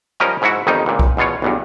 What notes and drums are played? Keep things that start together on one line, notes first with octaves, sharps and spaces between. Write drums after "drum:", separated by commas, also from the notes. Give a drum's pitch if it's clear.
F3 G3 C#4 A#4 D#5 A#5
G#2 E4 F#4
G1 F2 D#3 G3 D#4
C#2 A#2
drum: kick C2
E2 B2 F4 C#5
B1 E2 G2